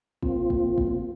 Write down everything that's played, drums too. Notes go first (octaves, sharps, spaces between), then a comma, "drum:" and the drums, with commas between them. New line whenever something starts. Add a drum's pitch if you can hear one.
A#3 C4 F4, drum: kick
drum: kick
drum: kick